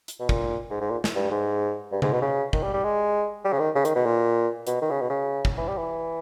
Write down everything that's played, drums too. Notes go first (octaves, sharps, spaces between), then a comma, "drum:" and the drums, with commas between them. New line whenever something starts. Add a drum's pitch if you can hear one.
drum: hi-hat
B2
A#2, drum: kick
G#2
G#2
A#2
drum: snare
G2
G#2
G2
G#2, drum: tom C#3
B2
C#3
D#3, drum: kick
G3
G3
G#3
G3
C#3
D#3
C#3
D#3, drum: hi-hat
B2
A#2
B2, drum: hi-hat
D#3
C#3
B2
C#3
drum: kick
E3
G3
E3